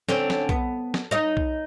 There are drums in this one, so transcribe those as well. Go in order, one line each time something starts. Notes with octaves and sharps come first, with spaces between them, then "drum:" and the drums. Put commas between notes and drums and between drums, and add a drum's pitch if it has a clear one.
D3 C4 C#4, drum: snare
drum: snare
B3, drum: kick B1
drum: snare
D#4 D#5
drum: kick B1